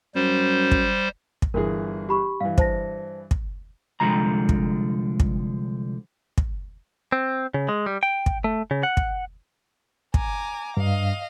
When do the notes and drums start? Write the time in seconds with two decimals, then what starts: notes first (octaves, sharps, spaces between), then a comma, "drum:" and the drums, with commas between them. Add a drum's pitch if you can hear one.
0.15 F#2 G3 C5
0.72 drum: kick
1.42 drum: kick
1.54 G1 E3 G#4 A#4
2.09 G4 B5 C#6
2.41 G2 E3 F5
2.58 C5 A5 A#6, drum: kick
3.31 drum: kick
4.00 C2 G#2 D3 F3 G#3 A#5
4.49 drum: kick
5.20 drum: kick
6.38 drum: kick
7.12 C4
7.54 C#3
7.69 G#3
7.86 G3
8.03 G5
8.26 drum: kick
8.44 A3
8.71 C#3
8.83 F#5
8.97 drum: kick
10.14 G#5 A#5 D6, drum: kick
10.77 G2 D#5 F5